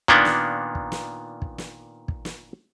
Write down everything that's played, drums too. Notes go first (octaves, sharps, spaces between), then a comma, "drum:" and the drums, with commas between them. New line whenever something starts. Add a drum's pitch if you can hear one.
A#2 D#3 A#3 B3 D4, drum: kick
drum: snare
drum: kick
drum: snare
drum: kick
drum: snare
drum: kick
drum: snare